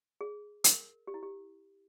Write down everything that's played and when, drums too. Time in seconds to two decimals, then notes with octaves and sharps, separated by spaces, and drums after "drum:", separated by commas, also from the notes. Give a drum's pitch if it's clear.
0.21 G#4
0.64 A#4, drum: hi-hat
1.07 G4
1.14 E4
1.23 G4